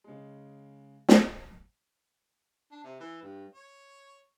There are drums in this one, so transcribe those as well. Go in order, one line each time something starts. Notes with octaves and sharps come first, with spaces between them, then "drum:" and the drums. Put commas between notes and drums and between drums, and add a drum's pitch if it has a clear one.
C#3 G#3
drum: snare
D4
C3
E3
G2
C#5